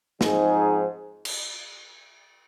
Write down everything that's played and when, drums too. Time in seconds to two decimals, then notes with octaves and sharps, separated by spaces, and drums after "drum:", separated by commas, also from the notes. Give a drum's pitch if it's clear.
0.21 G#2 F3 C4 D#4 G#4, drum: snare
1.25 drum: cymbal